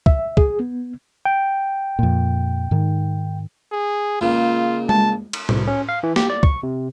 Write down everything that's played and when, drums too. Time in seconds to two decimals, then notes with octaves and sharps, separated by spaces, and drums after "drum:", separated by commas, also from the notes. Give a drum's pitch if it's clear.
0.06 E5, drum: kick
0.37 G#4, drum: kick
0.60 B3
1.25 G5
1.99 F2 A#2
2.71 G#2 D#3
3.72 G#4
4.21 C#2 A#2 F4
4.89 A5, drum: tom G#3
5.33 drum: cymbal
5.49 C2, drum: tom A2
5.67 C#4
5.89 F5
6.03 E3
6.16 G4, drum: snare
6.30 D5
6.43 C#6, drum: kick
6.63 C3